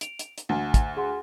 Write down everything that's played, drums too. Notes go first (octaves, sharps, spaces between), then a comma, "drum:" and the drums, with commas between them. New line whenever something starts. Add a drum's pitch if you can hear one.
D7 F7, drum: hi-hat
drum: hi-hat
drum: hi-hat
D2 F#5
drum: kick, hi-hat
G#4 F#5 C6